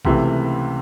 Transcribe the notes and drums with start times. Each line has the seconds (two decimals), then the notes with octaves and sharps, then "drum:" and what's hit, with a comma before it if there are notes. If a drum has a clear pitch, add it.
0.05 C#2 C3 E3 A3, drum: kick